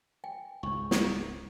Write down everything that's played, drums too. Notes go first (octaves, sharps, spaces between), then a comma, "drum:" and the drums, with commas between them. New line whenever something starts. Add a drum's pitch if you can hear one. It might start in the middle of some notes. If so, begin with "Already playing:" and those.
G5 G#5
C#2 G#2 C#6
drum: snare